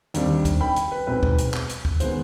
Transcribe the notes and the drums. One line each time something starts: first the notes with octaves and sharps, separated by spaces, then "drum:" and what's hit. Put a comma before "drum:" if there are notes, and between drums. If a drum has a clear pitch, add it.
D#2 D3 G3 C4, drum: hi-hat
drum: kick, hi-hat
G5 B5
drum: hi-hat
B4
B1 B2 G#3 C4 B4
drum: kick
drum: hi-hat
drum: clap
drum: hi-hat
drum: kick
D#3 G#3 B3 C5, drum: hi-hat